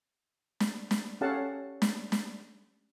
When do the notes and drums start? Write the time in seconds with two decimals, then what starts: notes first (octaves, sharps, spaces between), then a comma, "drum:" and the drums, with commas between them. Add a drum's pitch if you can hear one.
0.60 drum: snare
0.91 drum: snare
1.21 C#4 G4 A4 F5 F#5 A5
1.82 drum: snare
2.12 drum: snare